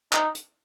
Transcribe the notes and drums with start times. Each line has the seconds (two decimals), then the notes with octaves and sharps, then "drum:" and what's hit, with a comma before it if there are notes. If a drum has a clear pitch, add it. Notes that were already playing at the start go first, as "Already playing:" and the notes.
0.13 D#4, drum: clap
0.35 drum: hi-hat